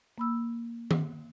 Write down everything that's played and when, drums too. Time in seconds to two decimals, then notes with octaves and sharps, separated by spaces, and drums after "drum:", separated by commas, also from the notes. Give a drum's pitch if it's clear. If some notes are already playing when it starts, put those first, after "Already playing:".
0.18 A#3 B5 E6
0.91 drum: tom D#3